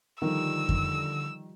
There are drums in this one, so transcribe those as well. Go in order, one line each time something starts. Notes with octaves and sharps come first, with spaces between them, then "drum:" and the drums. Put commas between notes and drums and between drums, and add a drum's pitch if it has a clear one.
D3 D#3 F3 G3 F4 E6
drum: kick F2